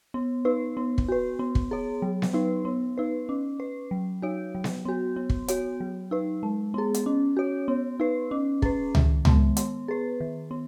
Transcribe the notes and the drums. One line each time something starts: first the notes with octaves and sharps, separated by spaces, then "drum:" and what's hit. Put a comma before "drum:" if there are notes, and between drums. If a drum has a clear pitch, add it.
B3
D#4 B4
B3
drum: kick
F#4 B4
B3
drum: kick
G#4 C#5
F#3
drum: snare B3
B3 D#4 B4
B3
D#4 B4
C#4
B4
F#3
D#4 F#4 C#5
F#3
drum: snare B3
B3 F#4
B3
drum: kick
F#4 C#5, drum: hi-hat
F#3
D#4 B4
G#3
B3 G#4
drum: hi-hat
C#4
F#4 C#5
B3
D#4 B4
C#4
G#4 B4, drum: kick
D#3, drum: tom C#2
G#3 B3, drum: tom C#2
B3, drum: hi-hat
G#4 B4
D#3
B3